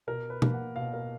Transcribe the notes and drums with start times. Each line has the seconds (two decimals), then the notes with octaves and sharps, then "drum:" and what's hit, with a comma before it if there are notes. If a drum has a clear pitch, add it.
0.07 B2 A#4
0.30 B4
0.42 A#3, drum: tom B2
0.54 F#5
0.76 B2 F5
0.94 A#4